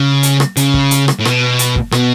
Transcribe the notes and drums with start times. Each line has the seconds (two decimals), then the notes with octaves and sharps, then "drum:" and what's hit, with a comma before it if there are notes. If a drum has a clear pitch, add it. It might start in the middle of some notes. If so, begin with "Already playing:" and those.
Already playing: C#3
0.23 drum: hi-hat
0.40 drum: rim click
0.57 C#3, drum: hi-hat
0.74 drum: kick
0.91 drum: hi-hat
1.08 drum: rim click
1.19 A2
1.25 B2, drum: rim click
1.59 drum: hi-hat
1.76 drum: kick
1.92 B2, drum: rim click